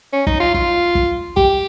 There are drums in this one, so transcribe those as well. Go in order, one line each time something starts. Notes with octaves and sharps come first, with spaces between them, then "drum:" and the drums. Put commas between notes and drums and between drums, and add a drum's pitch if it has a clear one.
C#4
D#4, drum: kick
F4
F4, drum: kick
drum: kick
G4, drum: kick